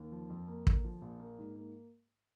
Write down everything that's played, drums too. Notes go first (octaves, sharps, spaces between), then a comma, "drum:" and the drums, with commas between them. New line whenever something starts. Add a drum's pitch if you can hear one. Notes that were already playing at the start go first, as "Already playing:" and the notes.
Already playing: D#2
F3
F2
A#3
D3, drum: kick
F3
A#1
A#3
G#2
A#3